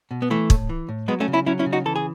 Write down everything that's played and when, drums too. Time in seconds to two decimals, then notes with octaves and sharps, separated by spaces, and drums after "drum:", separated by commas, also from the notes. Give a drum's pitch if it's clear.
0.11 B2
0.22 B3
0.30 E3 A3
0.50 A2, drum: kick
0.69 E3
0.89 A2
1.08 F#3 G#3 B3
1.20 A3 C#4
1.28 C#3
1.33 C#4 E4
1.46 F#3 C#4 E4
1.59 C#4 E4
1.66 C#3
1.72 D#4 F#4
1.85 E3 A4
1.96 G#4